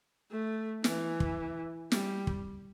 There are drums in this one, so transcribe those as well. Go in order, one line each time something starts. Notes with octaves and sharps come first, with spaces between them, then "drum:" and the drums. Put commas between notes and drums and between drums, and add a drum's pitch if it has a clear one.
A3
E3, drum: snare
drum: kick
G3, drum: snare
drum: kick